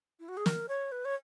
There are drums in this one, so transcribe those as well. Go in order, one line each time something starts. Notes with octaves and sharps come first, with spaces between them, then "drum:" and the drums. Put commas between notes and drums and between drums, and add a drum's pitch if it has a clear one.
E4
F#4
G#4
A#4, drum: snare
C#5
B4
C#5